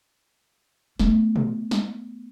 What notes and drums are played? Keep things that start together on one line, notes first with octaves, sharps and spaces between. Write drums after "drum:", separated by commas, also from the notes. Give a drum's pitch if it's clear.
A3 B3, drum: snare
drum: tom
drum: snare